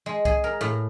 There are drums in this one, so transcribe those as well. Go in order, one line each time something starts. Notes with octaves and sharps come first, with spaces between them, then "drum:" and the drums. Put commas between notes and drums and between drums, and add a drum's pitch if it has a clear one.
G#3
G#4, drum: kick C2
A#4
A2